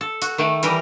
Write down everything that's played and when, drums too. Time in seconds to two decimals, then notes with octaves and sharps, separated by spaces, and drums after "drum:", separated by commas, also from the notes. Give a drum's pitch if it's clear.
0.01 A4
0.22 F#4, drum: hi-hat
0.38 D#3 A3 G5
0.63 E3 G3 A#4 G5, drum: hi-hat